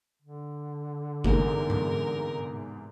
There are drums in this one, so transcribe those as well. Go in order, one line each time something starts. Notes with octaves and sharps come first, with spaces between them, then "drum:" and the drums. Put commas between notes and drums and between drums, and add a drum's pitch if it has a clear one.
D3
E2 G#2 C3 A#4, drum: kick G1
drum: tom G#2